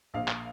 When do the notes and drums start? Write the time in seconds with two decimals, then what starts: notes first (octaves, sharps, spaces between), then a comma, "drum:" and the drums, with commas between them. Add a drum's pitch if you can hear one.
0.14 A#1 F5
0.28 drum: clap